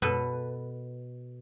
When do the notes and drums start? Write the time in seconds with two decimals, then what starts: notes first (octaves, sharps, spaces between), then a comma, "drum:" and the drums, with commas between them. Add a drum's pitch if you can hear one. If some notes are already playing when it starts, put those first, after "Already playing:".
0.02 B2 A4 B4, drum: tom F#2